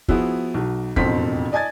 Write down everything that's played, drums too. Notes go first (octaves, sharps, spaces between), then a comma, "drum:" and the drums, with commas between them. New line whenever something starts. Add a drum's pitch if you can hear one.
F3 B3 E4 F#4 G#4, drum: kick
B1 F#3
E1 A1 F2 B2 C5 B6, drum: kick
D5 D#5 G#5 A5 G#6 A6